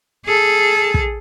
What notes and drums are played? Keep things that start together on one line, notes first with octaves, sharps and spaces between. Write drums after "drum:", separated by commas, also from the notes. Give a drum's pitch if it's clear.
G#4 A4
drum: kick